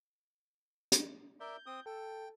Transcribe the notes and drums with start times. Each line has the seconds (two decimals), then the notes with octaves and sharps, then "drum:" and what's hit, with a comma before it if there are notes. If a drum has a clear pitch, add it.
0.92 drum: hi-hat
1.40 A#4 D5 E5 G6
1.66 C4 D#6
1.86 A4 G5